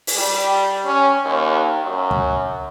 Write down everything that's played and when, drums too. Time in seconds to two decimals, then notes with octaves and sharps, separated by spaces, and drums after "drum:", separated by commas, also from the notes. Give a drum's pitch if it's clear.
0.07 drum: open hi-hat
0.17 G3
0.85 C#4
1.25 D#2
1.84 F#2
2.11 drum: kick